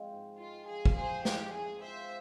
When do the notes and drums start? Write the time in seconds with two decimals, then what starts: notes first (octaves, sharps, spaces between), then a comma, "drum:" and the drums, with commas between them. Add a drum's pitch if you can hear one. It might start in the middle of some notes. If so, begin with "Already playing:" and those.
Already playing: F3 G#3 C4
0.12 G#2
0.40 G#3 F4
0.69 F3 G#4
0.86 drum: kick
0.96 C4 G#4 C5
1.25 G#2 G4, drum: snare
1.53 C4 G#4
1.82 F3 C5 E5